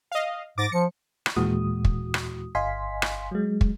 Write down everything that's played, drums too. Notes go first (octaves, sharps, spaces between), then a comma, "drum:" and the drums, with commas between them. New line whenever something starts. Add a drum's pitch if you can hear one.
D#5 F5
G#2 D6 A6 A#6
F3 C#7
drum: rim click
D#2 A#2 E3 G#3 F#4 D#6
drum: kick
drum: rim click
G1 D#5 F5 G#5 C6 B6
drum: rim click
F#3 G#3
drum: kick